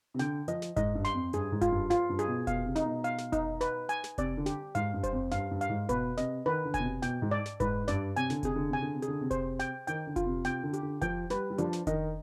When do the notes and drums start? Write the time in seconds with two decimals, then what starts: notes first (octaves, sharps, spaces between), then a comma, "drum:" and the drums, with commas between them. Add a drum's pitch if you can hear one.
0.14 C3
0.19 D3 G5, drum: snare
0.48 F3 D#5, drum: hi-hat
0.62 drum: snare
0.76 G#2 D#5, drum: kick F1, hi-hat
0.95 G2
1.05 C6, drum: snare
1.14 F2
1.33 G2 G#4, drum: hi-hat
1.52 G#2
1.61 F4, drum: kick F1, hi-hat
1.72 G2
1.90 F4, drum: snare
2.10 G2
2.19 G#4, drum: hi-hat
2.28 B2
2.47 B2 F5, drum: kick F1, hi-hat
2.66 C3
2.76 D#4, drum: snare
2.85 B2
3.04 F5, drum: hi-hat
3.18 drum: snare
3.33 D#4, drum: kick F1, hi-hat
3.61 B4, drum: snare
3.89 G#5, drum: hi-hat
4.04 drum: snare
4.18 C3 D5, drum: kick F1, hi-hat
4.37 D3
4.46 G4, drum: snare
4.75 G#2 F5, drum: hi-hat
4.94 G2
5.04 C5, drum: kick F1, hi-hat
5.13 F2
5.31 G2 F5, drum: snare
5.51 G2
5.61 F5, drum: hi-hat
5.69 G#2
5.89 B2 B4, drum: kick F1, hi-hat
6.17 C3 D#5, drum: snare
6.46 D#3 B4
6.65 D3
6.74 G#5, drum: kick F1, hi-hat
6.79 B2
6.84 C3
7.02 B2 G5, drum: snare
7.22 G#2
7.31 D5
7.46 drum: snare
7.60 G#2 B4, drum: kick F1, hi-hat
7.88 G2 D5, drum: snare
8.16 C3 G#5, drum: hi-hat
8.30 D3, drum: snare
8.43 C3 G#4, drum: kick F1, hi-hat
8.56 D3
8.69 C3 G#5
8.82 D3
8.95 C3
9.02 G#4, drum: hi-hat
9.08 D3
9.21 C3
9.31 C5, drum: kick F1, hi-hat
9.60 G5, drum: snare
9.87 D#3 G5, drum: hi-hat
10.07 D3
10.16 F4, drum: kick F1, hi-hat
10.26 C3
10.45 C3 G5, drum: snare
10.63 D3
10.73 G4, drum: hi-hat
10.82 D3
11.02 F3 G5, drum: kick F1, hi-hat
11.30 G3 B4, drum: snare
11.50 G3
11.58 F3 D4, drum: hi-hat
11.73 drum: snare
11.87 D#3 D#5, drum: kick F1, hi-hat